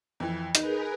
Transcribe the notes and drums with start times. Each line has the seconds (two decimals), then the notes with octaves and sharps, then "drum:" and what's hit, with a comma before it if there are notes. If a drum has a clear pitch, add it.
0.20 F2 E3
0.55 D#4 G#4 A#4 B4, drum: hi-hat